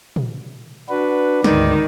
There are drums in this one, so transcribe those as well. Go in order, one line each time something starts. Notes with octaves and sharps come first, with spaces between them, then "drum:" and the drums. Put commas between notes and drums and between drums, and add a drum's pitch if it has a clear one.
drum: tom
D4 F#4 B4
D2 G#2 D#3 D5, drum: snare